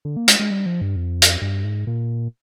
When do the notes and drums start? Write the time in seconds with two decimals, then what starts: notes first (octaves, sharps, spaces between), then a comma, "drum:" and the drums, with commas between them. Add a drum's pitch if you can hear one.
0.05 D3
0.17 A#3
0.28 G#3, drum: hi-hat
0.40 G#3
0.50 G3
0.66 F3
0.81 G2
0.96 F2
1.22 drum: hi-hat
1.42 G2
1.64 G#2
1.87 A#2